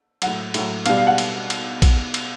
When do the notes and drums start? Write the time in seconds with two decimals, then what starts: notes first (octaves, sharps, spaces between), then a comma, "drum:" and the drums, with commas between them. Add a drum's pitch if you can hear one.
0.22 A2 F#3 F#5, drum: cymbal
0.54 A2 F#3, drum: cymbal
0.86 B2 G3 F5, drum: cymbal
0.97 F5
1.07 F#5
1.18 drum: cymbal
1.50 drum: cymbal
1.82 drum: kick A#1, cymbal
2.14 drum: cymbal